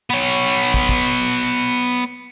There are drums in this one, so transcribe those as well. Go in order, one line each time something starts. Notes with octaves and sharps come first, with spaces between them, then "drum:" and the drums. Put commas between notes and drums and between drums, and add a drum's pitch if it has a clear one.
B3 C#5
drum: kick
drum: kick